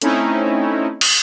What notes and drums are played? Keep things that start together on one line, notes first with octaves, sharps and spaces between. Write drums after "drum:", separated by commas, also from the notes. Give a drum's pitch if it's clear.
A3 C4 C#4 D#4 E4, drum: hi-hat
drum: cymbal